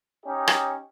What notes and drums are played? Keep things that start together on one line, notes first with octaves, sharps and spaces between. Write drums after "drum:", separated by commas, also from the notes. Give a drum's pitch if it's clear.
C#4 D#4 G4
drum: rim click